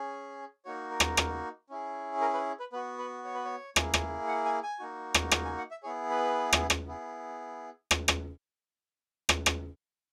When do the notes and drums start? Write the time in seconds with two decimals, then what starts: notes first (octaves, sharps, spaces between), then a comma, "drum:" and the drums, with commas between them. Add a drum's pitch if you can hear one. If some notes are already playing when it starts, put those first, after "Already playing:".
Already playing: C#4 G#4
0.65 A#3 D#4 F#4 C#5
0.91 A#4
1.00 drum: rim click
1.17 drum: rim click
1.70 C#4 E4 G#4
2.21 A#4
2.34 B4
2.60 B4
2.72 B3 F#4 B4
2.98 B4
3.25 C#5
3.34 B4
3.45 C#5
3.76 A#3 E4 G#4, drum: rim click
3.94 drum: rim click
4.28 F#5
4.45 G#5
4.63 G#5
4.79 A#3 D#4 F#4
5.14 drum: rim click
5.31 A#5, drum: rim click
5.45 G#5
5.58 F#5
5.71 E5
5.83 B3 E4 G#4 C#5
6.10 B4
6.53 drum: rim click
6.70 drum: rim click
6.87 B3 E4 G#4
7.91 drum: rim click
8.08 drum: rim click
9.29 drum: rim click
9.46 drum: rim click